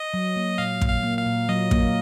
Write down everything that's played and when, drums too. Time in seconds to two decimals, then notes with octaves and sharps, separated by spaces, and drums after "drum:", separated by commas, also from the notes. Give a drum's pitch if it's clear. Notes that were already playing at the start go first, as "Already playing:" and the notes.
Already playing: D#5
0.14 F#3
0.36 A#3
0.58 A#2 F5
0.81 A#2, drum: kick
0.88 F5
1.03 A#3
1.18 F5
1.26 A#2
1.48 F#3 D#5
1.71 A#3, drum: kick